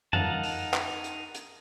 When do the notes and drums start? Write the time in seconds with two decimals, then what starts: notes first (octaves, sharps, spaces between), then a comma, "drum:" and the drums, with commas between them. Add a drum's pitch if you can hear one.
0.13 D#4 A#4 F5 F#5 A5, drum: tom F2
0.43 drum: open hi-hat
0.74 drum: clap
1.04 drum: hi-hat
1.35 drum: hi-hat